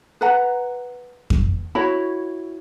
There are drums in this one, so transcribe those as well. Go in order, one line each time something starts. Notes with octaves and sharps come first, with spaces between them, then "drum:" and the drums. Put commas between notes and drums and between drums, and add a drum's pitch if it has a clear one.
B4 F#5 A#5
drum: kick F2
E4 F#4 C#5 B5